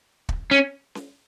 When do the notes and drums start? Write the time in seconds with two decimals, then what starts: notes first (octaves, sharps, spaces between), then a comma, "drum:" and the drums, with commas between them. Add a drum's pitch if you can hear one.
0.29 drum: kick
0.51 C#4
0.95 drum: snare C#4